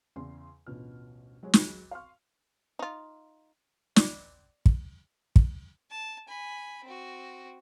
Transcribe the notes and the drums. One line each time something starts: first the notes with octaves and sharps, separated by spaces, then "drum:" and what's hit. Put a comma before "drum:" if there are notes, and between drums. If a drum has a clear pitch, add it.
E2 C#3 C6
A1 D2 B2 F4 F6
F#3 G#3 F#4 C#5
drum: snare
F5 C6 C#6 F6
D#4 F4
D5, drum: snare
drum: kick
drum: kick
A5
G#5 B5
C4 F#4